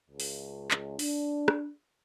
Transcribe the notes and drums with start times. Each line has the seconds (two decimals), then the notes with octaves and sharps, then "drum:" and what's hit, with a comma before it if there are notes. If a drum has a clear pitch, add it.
0.10 C#2
0.20 drum: open hi-hat
0.71 drum: clap
0.99 D4, drum: open hi-hat
1.48 drum: rim click